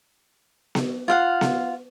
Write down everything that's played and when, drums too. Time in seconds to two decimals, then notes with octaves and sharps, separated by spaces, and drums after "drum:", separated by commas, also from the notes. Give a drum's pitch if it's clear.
0.75 drum: snare B3
1.08 F4 F5 F#5
1.41 drum: snare B3